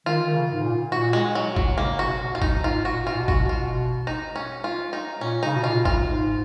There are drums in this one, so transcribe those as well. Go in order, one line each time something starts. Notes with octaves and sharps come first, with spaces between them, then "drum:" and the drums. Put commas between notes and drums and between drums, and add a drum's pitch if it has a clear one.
D#3 F4
D#3
C#3
G#2
A#2
A#2 F#4
G#3
F#3
F#3, drum: kick
C#3 A#3
F#4
B2
B2 F4
D#4, drum: kick
G#2 F4
F#4
A#2
F4
A#2
B2
F#4, drum: kick
B2 F4
D#4
C#4
F4
D#4
A#2 C#4
C#3 D#4
B2
A#2 F4
F4, drum: kick
G#2